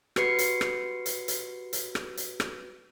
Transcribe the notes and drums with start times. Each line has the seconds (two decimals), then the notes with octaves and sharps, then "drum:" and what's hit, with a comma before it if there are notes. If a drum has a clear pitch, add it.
0.16 F#4 G4 B4 C7 C#7, drum: rim click
0.39 drum: hi-hat
0.61 drum: rim click
1.06 drum: hi-hat
1.28 drum: hi-hat
1.73 drum: hi-hat
1.95 drum: rim click
2.17 drum: hi-hat
2.40 drum: rim click